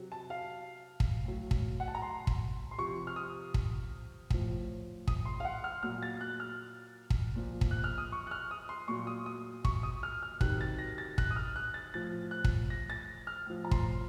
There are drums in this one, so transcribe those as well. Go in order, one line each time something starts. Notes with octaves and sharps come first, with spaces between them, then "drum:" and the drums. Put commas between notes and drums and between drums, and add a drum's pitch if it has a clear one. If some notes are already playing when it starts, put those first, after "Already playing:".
Already playing: C3 F#3
A5
F5
drum: kick
A2 F#3
drum: kick
F#5
A5
A#5
C6
drum: kick
C6
C3 F3 C#6
F6
D#6
drum: kick
A2 F3, drum: kick
D#6, drum: kick
C6
F5
F#5
F6
A#2 F#3 F6
A6
F#6
F6
drum: kick
A#2 F3
drum: kick
F#6
F6
D#6
C#6
F#6
F6
D#6
C6
A#2 F#3 C#6
D#6
D#6
C#6, drum: kick
D#6
F6
F6
C3 D#3 F#3 F#6, drum: kick
A6
A#6
A6
F#6, drum: kick
D#6
F6
F#6
A6
A2 F3 A6
F#6
drum: kick
A#6
A6
F6
A2 F3
A#5
C6, drum: kick